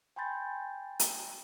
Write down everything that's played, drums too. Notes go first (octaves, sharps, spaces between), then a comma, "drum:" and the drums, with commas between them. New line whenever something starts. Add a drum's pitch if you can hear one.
G5 G#5 B5 C6 G6 A6
drum: hi-hat